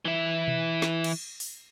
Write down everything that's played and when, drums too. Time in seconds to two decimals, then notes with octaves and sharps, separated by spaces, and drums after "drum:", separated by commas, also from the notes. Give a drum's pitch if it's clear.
0.05 E3 E4
0.48 drum: tom B2
0.82 drum: snare
1.04 drum: cymbal
1.40 drum: open hi-hat